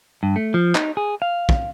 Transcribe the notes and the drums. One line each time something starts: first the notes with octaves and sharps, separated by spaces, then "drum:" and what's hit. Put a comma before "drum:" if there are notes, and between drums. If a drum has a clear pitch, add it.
G2
A3
F3
D#4, drum: clap
G#4
F5
drum: kick